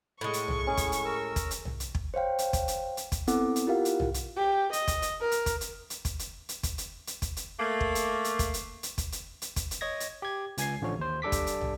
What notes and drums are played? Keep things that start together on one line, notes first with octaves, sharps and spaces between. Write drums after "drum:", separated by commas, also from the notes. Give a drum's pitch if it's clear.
A2 G#3 C#6
drum: hi-hat
drum: tom
C#4 G#4
drum: kick, hi-hat
drum: hi-hat
A#4 E6
drum: kick, hi-hat
drum: hi-hat
drum: tom
drum: hi-hat
drum: kick
C5 C#5 F5 G5
drum: hi-hat
drum: kick, hi-hat
drum: hi-hat
drum: hi-hat
drum: kick, hi-hat
B3 C4 E4 A4 F#5 D6, drum: hi-hat
drum: hi-hat
E4 F4 G4 A#4 F5 F#5
drum: hi-hat
drum: tom
drum: hi-hat
G4
D#5, drum: hi-hat
drum: kick, hi-hat
drum: hi-hat
A#4
drum: hi-hat
drum: kick, hi-hat
drum: hi-hat
drum: hi-hat
drum: kick, hi-hat
drum: hi-hat
drum: hi-hat
drum: kick, hi-hat
drum: hi-hat
drum: hi-hat
drum: kick, hi-hat
drum: hi-hat
A3 A#3
drum: kick
drum: hi-hat
drum: hi-hat
drum: kick, hi-hat
drum: hi-hat
drum: hi-hat
drum: kick, hi-hat
drum: hi-hat
drum: hi-hat
drum: kick, hi-hat
drum: hi-hat
C#5 D#5 G#6 A#6
drum: hi-hat
G4 G#6
C#2 G#5 G#6 C7, drum: hi-hat
A1 D3 F3 C#5
D#2 C5
G3 D4 A4 D6 B6
drum: kick, hi-hat
drum: hi-hat
drum: tom